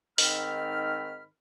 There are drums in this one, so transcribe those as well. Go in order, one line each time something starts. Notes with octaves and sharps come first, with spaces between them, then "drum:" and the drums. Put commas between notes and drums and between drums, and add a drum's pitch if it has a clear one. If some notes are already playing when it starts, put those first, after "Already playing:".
G#2 D#3 C4 B5 F6, drum: open hi-hat